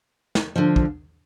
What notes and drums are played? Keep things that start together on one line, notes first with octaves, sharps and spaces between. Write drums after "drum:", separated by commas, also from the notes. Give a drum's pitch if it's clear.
drum: snare
D3 F3
drum: kick